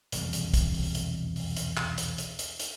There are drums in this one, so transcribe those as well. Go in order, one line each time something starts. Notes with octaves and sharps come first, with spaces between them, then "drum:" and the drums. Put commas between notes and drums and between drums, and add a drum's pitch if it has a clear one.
E1 C2 F2, drum: hi-hat
drum: hi-hat
drum: kick, hi-hat
drum: open hi-hat
drum: hi-hat
drum: open hi-hat
drum: hi-hat
drum: clap
drum: hi-hat
drum: hi-hat
drum: hi-hat
drum: hi-hat